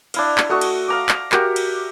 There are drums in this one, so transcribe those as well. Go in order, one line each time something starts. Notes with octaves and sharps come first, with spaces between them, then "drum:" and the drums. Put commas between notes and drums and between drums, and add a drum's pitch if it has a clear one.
D4 E4 F5, drum: cymbal
drum: clap
A3 F#4 D#5 C#6
drum: cymbal
F5 A#5 D6
drum: clap
F#4 G4 A#4 E5, drum: clap
drum: cymbal